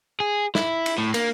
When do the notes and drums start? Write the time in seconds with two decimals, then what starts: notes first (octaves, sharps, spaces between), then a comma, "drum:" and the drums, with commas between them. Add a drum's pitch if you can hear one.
0.20 G#4
0.55 E4, drum: snare
0.86 drum: cymbal
0.98 A2
1.14 A#3, drum: cymbal